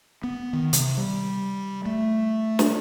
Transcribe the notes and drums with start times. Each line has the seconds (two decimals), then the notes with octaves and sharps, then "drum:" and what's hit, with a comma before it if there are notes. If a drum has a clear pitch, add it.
0.24 B3
0.53 D#3
0.73 C3, drum: hi-hat
0.97 G3
1.86 A3
2.59 drum: snare